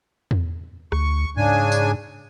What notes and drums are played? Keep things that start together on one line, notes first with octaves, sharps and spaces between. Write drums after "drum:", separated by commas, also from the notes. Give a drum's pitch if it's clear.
drum: tom E2
D2 C#6, drum: rim click
G#2 C#3 D4 G#5
drum: tambourine